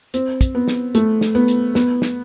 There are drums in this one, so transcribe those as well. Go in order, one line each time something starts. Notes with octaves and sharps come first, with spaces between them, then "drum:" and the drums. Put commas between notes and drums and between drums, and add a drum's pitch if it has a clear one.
C4, drum: hi-hat
drum: kick, hi-hat
B3
drum: snare
A3, drum: hi-hat
drum: snare
B3
drum: hi-hat
B3, drum: snare
drum: snare